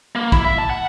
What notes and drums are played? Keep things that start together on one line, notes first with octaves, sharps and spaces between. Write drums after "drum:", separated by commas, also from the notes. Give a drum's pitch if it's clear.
A#3
E4, drum: kick
E5
A5
F#5